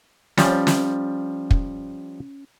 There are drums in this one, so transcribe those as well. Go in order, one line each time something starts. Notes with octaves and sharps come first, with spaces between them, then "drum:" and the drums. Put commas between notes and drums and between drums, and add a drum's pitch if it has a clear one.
F3 G3 C#4, drum: snare
drum: snare
drum: kick